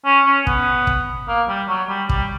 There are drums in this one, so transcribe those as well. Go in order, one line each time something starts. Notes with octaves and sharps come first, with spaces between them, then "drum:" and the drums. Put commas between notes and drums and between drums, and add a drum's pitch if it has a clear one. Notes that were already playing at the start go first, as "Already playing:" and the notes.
C#4
C#4
B3, drum: kick
drum: kick
A#3
G3
F#3
G3
G3, drum: kick